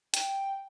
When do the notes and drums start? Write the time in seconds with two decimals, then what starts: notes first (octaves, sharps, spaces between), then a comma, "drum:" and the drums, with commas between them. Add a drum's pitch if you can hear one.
0.14 G5, drum: hi-hat